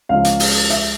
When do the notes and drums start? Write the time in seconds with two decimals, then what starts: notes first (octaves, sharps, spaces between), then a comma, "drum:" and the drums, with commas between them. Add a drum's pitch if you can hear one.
0.09 C#2 C#3 F3 F5
0.24 drum: hi-hat
0.40 drum: open hi-hat
0.70 E5, drum: hi-hat